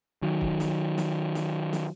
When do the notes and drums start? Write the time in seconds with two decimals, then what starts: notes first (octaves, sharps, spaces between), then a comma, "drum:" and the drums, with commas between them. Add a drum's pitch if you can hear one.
0.22 D#3 F#3
0.41 drum: kick C#1
0.60 drum: snare
0.98 drum: snare
1.35 drum: snare
1.73 drum: snare